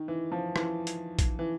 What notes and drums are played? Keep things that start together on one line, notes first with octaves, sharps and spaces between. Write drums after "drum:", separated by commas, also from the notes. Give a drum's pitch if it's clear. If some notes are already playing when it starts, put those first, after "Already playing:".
Already playing: D#3
E3
F3
E3, drum: rim click
drum: hi-hat
drum: kick A#1, hi-hat
E3